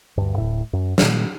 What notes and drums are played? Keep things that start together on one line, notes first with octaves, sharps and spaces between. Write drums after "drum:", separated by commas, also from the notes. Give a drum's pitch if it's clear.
D2 G2
D1 A2
F#2
A#2 D#3 G3, drum: snare